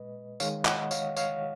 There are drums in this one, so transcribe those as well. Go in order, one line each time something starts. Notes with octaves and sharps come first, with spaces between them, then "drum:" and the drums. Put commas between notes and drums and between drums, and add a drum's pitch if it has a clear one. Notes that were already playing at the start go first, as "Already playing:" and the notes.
Already playing: A#2 G#3 B4 D#5
D#3 G#3 C#5 F5, drum: tambourine
D#5 F#5, drum: clap
C#5 F5, drum: tambourine
C#5 F5, drum: tambourine